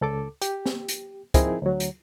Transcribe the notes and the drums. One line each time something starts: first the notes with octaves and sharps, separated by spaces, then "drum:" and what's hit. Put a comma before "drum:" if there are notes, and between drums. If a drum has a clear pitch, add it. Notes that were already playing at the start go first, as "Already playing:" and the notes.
C#2 A4 D6
G4, drum: hi-hat
drum: snare
drum: hi-hat
F3 C4 D#4 E4 G#4 A#4, drum: kick, hi-hat
D2 F#3
drum: hi-hat